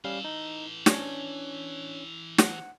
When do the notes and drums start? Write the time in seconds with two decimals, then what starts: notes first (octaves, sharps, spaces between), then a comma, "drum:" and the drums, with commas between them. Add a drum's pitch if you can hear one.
0.05 E3 G3 C#4 A4 F5
0.24 D#4
0.86 C#4 D4 C#5, drum: snare
2.39 F#5, drum: snare